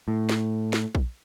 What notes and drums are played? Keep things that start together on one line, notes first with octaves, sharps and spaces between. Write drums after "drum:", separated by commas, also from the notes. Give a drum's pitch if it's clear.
A2
drum: snare
drum: snare
drum: kick A#1